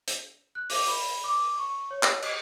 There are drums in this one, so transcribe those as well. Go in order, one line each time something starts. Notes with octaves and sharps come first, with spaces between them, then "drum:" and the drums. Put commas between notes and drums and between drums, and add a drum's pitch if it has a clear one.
drum: hi-hat
F#6
D6, drum: open hi-hat
B5
D6
C#6
C#5
drum: clap
D#5, drum: cymbal